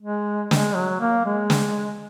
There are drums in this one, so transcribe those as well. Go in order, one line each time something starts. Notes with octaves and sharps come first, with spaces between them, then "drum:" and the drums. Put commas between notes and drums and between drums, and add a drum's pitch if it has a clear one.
G#3
G#3, drum: snare
F#3
A#3
G#3
drum: snare